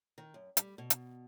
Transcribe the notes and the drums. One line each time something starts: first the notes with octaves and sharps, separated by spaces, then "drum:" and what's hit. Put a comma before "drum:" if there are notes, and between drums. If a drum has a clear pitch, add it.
D#3
F#2
G3, drum: hi-hat
B2
drum: hi-hat